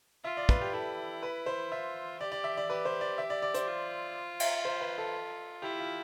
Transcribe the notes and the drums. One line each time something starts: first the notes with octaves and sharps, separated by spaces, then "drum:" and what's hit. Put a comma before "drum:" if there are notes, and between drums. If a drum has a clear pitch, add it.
F4 E5
D5
B4, drum: kick
G4
E4 A4
B4
C5
F4 E5
G4 D5
D5
E5
D5
G4 B4
C5
D5
E5
D5
D5
C5, drum: hi-hat
F4
drum: cymbal
C5
B4
A4
E4 G4
F4